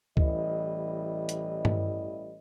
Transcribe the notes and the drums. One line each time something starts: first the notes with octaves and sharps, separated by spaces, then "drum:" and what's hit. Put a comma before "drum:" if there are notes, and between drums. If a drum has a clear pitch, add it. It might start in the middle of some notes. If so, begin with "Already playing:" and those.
A1 E3 G3 E4 D#5, drum: kick C#2
drum: hi-hat
drum: tom G2